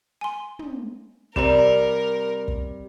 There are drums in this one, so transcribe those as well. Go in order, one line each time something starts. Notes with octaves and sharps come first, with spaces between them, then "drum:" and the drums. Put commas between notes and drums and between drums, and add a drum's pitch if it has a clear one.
G#5 C6
drum: tom
C3 G3 G4 A#4 C5 E5 A#5, drum: kick
drum: kick